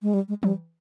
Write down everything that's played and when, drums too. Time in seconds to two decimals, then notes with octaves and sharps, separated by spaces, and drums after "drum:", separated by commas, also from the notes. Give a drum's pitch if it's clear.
0.02 G#3
0.14 G3
0.28 G#3
0.43 G3, drum: tom E3